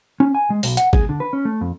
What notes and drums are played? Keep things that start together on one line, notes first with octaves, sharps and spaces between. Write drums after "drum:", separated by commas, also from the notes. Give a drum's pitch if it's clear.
C#4
G#5
G#3
B1, drum: open hi-hat
F#5, drum: hi-hat
G#4, drum: kick
D3
B4
C#4
A3
F2